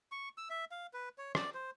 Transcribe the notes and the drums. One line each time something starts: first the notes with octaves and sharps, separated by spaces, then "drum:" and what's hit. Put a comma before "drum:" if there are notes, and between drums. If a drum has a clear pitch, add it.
C#6
E6
E5
F5
B4
C#5
D5, drum: rim click
C5